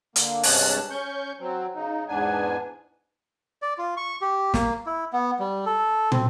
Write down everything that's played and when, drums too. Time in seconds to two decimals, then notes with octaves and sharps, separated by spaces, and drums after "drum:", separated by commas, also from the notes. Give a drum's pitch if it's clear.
0.16 D3 A#3, drum: hi-hat
0.43 G2 C3 G#3 C#4 A5 F#6, drum: open hi-hat
0.91 C#4 C#6 G6
1.40 F#3 C4
1.75 C#3 D#4
2.08 E2 G#2 B3 D4 G#5
3.62 D5
3.78 F4
3.97 C#6
4.21 G4
4.54 A#3, drum: snare
4.86 E4
5.13 B3
5.39 G3
5.66 A4
6.12 C4, drum: tom